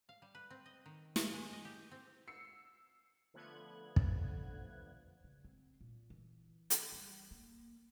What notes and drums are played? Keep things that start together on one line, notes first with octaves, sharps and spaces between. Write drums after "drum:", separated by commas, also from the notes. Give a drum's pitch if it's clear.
F5
G3
B4
C4
D#5
D#3
A#3, drum: snare
G#3
D#5
G4
C4
E6 C7 C#7
D3 F3 A3 B3 F#6 G#6
drum: kick
C#3
C4
A#2
E3
drum: hi-hat
G3
A#3